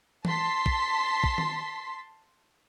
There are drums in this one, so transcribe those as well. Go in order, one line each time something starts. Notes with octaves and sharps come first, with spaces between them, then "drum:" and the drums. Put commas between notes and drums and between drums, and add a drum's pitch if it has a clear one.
A5 C6 B6, drum: tom E3
drum: kick
drum: kick
drum: tom D#3